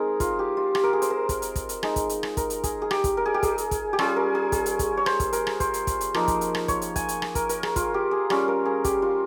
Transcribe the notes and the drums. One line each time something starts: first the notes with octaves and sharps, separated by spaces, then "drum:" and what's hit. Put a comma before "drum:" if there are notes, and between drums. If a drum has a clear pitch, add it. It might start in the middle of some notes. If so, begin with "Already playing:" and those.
Already playing: G#3 C4 D#4 G#4 A#4
F4, drum: kick, hi-hat
G4
F4
G4, drum: rim click
A#4
G#4
C5, drum: hi-hat
A#4
A#4, drum: kick, hi-hat
drum: hi-hat
drum: kick, hi-hat
drum: hi-hat
G#3 D#4, drum: rim click
drum: kick, hi-hat
drum: hi-hat
drum: rim click
A#4, drum: kick, hi-hat
drum: hi-hat
G#4, drum: kick, hi-hat
G#4
G4, drum: rim click
drum: kick, hi-hat
A#4
G#4
G4
G#4, drum: kick, hi-hat
drum: hi-hat
drum: kick, hi-hat
G4
G3 C#4 F4 G#4, drum: rim click
A#4
G#4
G#4, drum: kick, hi-hat
drum: hi-hat
drum: kick, hi-hat
C#5
C5, drum: rim click
drum: kick, hi-hat
A#4, drum: hi-hat
drum: rim click
C5, drum: kick, hi-hat
drum: hi-hat
drum: kick, hi-hat
drum: hi-hat
F3 A#3 D#4, drum: rim click
drum: kick, hi-hat
drum: hi-hat
drum: rim click
C#5, drum: kick, hi-hat
drum: hi-hat
G#5, drum: kick, hi-hat
drum: hi-hat
drum: rim click
A#4, drum: kick, hi-hat
A#4, drum: hi-hat
G#4, drum: rim click
F4, drum: kick, hi-hat
G4
G#4
G3 C#4 F4, drum: rim click
A#4
G#4
G4, drum: kick, hi-hat
F4